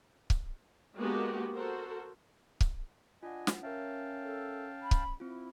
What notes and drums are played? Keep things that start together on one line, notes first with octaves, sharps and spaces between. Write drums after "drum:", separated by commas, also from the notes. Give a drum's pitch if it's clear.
drum: kick C#1
G#3 A#3 B3 D4 F#4 G4
F#4 A4 A#4 C5
drum: kick C#1
D4 F4 D#5 F#5 G#5
drum: snare
C#4 A#4 C#5 E5 F5 G5 A5
A4
B5
drum: kick C#1
C4 E4 F4